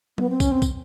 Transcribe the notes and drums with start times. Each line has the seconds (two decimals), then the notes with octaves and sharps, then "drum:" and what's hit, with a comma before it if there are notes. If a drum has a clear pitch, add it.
0.18 B3, drum: tom F#3
0.29 C4
0.40 C#4, drum: kick, tambourine
0.52 C4
0.62 drum: kick, tambourine